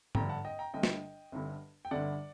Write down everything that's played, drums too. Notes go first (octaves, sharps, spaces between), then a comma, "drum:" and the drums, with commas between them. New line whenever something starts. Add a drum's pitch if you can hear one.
G1 G2 D3 G5 A#5, drum: tom G#2
F#5 A5
D#5 G5
G5 A#5
G1 G2 D3 D#5 G5
drum: snare
G1 G2 D3
G5
G1 G2 D3 D5 F#5